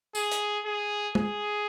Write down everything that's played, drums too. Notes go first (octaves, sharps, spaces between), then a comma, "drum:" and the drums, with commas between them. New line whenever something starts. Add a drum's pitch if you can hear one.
G#4, drum: tambourine
drum: hi-hat
G#4
G#4, drum: tom